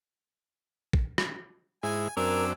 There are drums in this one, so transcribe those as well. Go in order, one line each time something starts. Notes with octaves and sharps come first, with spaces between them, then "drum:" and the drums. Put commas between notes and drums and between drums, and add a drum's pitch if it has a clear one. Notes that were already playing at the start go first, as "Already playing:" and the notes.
drum: kick
drum: rim click
G#2 E4 G#4 G#5
F#2 C4 D4 A#4 G#5 D6 E6